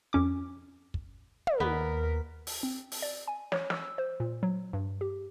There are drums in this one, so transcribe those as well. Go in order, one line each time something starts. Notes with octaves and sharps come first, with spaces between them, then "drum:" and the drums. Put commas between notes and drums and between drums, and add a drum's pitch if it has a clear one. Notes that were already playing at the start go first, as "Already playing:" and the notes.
F2 C#4 D6
drum: kick
drum: tom
D#2 B3 A#4 B6
drum: open hi-hat
C4
drum: open hi-hat
D5
G#5
C#5, drum: snare
E6, drum: snare
C5
A#2
F#3
G2
G4